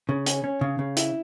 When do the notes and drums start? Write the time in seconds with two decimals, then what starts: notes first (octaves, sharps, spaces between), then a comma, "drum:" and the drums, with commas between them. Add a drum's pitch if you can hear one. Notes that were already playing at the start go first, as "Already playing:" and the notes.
0.09 C#3
0.26 C#4, drum: hi-hat
0.44 C#4
0.61 C#3
0.79 C#3
0.97 E4, drum: hi-hat